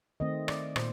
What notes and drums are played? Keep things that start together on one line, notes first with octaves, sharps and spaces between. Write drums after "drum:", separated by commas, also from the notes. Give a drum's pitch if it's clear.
D#3 A3 C4 D#5
D5, drum: rim click
A#2 C5, drum: rim click